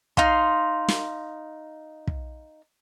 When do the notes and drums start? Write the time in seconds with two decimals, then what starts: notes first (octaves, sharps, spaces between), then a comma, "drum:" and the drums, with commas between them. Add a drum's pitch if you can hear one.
0.17 D#4 F5 C6, drum: kick
0.88 drum: snare
2.07 drum: kick